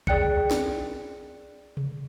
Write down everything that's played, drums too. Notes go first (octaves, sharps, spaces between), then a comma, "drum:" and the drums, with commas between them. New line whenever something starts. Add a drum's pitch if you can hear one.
G#4 D5 G5 F#6 C#7, drum: kick
drum: snare
drum: tom C3